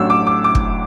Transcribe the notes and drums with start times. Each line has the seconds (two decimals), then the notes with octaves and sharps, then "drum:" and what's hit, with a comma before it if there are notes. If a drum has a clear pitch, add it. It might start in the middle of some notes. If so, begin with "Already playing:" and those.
Already playing: A1 A2 F#3 D4 E6
0.10 D6
0.27 D6
0.44 D6
0.55 drum: kick